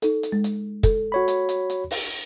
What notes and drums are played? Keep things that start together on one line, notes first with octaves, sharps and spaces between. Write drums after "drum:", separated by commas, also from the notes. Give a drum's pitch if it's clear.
D#4 A4, drum: hi-hat
drum: hi-hat
G#3
drum: hi-hat
A4, drum: kick, hi-hat
F#4 C#5 B5
drum: hi-hat
drum: hi-hat
drum: hi-hat
drum: open hi-hat